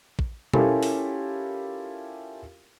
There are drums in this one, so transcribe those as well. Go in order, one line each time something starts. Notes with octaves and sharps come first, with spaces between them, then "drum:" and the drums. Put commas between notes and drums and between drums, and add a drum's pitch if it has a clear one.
drum: kick
C#4 E4 F4 G4 A4 A#4, drum: tom B2
drum: open hi-hat